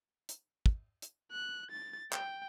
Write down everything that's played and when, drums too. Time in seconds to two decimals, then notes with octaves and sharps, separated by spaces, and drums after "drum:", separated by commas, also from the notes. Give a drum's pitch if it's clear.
0.29 drum: hi-hat
0.66 drum: kick
1.02 drum: hi-hat
1.32 F#6
1.71 A6
2.13 G5, drum: clap